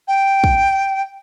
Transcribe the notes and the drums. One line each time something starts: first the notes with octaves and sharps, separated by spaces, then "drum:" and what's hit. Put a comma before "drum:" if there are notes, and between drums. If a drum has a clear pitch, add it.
G5
drum: kick